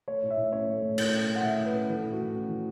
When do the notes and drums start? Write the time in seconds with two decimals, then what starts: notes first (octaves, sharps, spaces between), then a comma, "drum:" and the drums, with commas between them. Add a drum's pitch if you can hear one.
0.08 A3 C#5
0.23 A2
0.30 E5
0.37 A2
0.52 C#4 C#5
0.68 A3
0.82 A2
0.98 A2, drum: cymbal
1.13 C#4
1.28 A3
1.35 F#5
1.43 A2 E5
1.58 A2
1.66 B4
1.73 C#4
1.88 E3 A4
2.03 A2
2.12 F#4
2.18 A2
2.34 C#4
2.49 E3